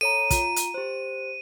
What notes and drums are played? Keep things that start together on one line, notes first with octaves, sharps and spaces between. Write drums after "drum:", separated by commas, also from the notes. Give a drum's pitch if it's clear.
A4 C#5 A#5 D#7
F4 A#5, drum: kick, hi-hat
drum: hi-hat
G4 C5